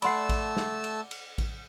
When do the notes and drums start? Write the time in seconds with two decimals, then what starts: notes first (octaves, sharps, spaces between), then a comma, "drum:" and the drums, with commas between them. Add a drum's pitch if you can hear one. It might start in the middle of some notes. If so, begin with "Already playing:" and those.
0.02 A3 D5 F#5 A5 B5 C6 E6 C7, drum: cymbal
0.29 drum: kick A1, cymbal
0.57 drum: snare
0.84 drum: cymbal
1.11 drum: cymbal
1.38 drum: kick A1, cymbal